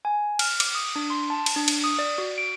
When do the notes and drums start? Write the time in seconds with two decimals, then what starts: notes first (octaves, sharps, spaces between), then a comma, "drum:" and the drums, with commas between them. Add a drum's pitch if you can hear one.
0.05 G#5
0.39 F6, drum: cymbal
0.60 D6, drum: cymbal
0.75 D#6
0.96 D4
1.10 C6
1.30 A5
1.46 drum: cymbal
1.56 D4
1.68 drum: cymbal
1.84 D#6
1.99 D5
2.18 F#4
2.38 D7